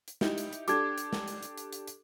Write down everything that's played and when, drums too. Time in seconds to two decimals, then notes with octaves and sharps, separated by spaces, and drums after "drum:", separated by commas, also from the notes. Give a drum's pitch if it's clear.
0.08 drum: hi-hat
0.21 D#4 E4 G4, drum: snare
0.38 drum: hi-hat
0.53 drum: hi-hat
0.68 D4 G4 A4 D6 G#6, drum: hi-hat
0.98 drum: hi-hat
1.13 drum: snare
1.28 drum: hi-hat
1.43 drum: hi-hat
1.58 drum: hi-hat
1.73 drum: hi-hat
1.87 drum: hi-hat